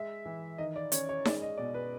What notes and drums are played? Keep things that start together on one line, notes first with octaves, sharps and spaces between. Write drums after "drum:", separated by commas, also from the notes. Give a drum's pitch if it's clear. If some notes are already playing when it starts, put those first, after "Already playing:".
Already playing: G#3 E5
E3
D#3 D#5
D5
C#4 C#5, drum: hi-hat
C#5
G#3 D5, drum: snare D#4
D#5
B2 D5
B4